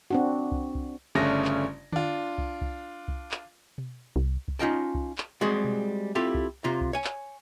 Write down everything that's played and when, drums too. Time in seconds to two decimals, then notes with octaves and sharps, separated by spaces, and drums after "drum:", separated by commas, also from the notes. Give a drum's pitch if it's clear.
0.10 C4 D4 F#4
0.52 drum: kick C2
0.75 drum: kick C2
1.15 G1 C#3 A3 C#4 D4 A#6
1.45 drum: clap
1.92 D4 F4, drum: tom D3
2.38 drum: kick C2
2.61 drum: kick C2
3.08 drum: kick C2
3.31 drum: clap
3.78 drum: tom B2
4.16 C2
4.48 drum: kick C2
4.59 C#4 D#4 F4 D#5 G5 A5
4.95 drum: kick C2
5.18 drum: clap
5.41 G3 G#3 C4 F#4 G#4
5.64 drum: tom B2
6.15 C4 E4 F4 G4 A4 F5
6.34 drum: kick C2
6.64 C3 F4 A#5
6.81 drum: kick C2
6.93 C#5 G#5
7.04 drum: clap